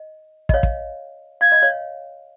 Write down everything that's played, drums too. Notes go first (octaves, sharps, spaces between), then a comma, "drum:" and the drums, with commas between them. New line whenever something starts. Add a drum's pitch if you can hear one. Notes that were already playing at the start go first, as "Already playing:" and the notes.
Already playing: D#5
D#5, drum: kick
C#5 F5
drum: kick
F5 G#6
D#5
C#5 F5